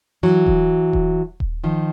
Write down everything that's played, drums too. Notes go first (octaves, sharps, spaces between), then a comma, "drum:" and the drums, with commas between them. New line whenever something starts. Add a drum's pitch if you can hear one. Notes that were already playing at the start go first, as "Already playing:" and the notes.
E3 F#3
drum: kick D#1
drum: kick D#1
drum: kick D#1
D#3 F3